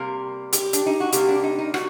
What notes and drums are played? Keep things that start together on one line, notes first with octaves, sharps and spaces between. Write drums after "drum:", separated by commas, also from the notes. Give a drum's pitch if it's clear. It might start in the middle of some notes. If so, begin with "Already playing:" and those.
Already playing: C3 G3 A#3 A#4
G4, drum: hi-hat
D4, drum: hi-hat
D#4
F#4
C3 G3 A#3 G4, drum: hi-hat
D4
D#4
D#4
F#4, drum: rim click